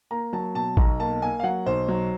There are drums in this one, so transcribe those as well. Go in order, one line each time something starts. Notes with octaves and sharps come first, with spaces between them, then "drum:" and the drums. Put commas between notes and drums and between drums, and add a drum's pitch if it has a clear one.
A#3 A#5
F#3 A5
B2 A5
B1 A#5, drum: kick A1
A#3 A5
A#3 G#5
F5
F#3 F#5
B1 C5
F#3